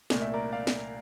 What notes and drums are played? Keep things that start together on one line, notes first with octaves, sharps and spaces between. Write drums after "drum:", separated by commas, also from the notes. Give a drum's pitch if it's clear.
C2 A#2 A3 D5, drum: snare
E5
A#4 D5
D5 F5
drum: snare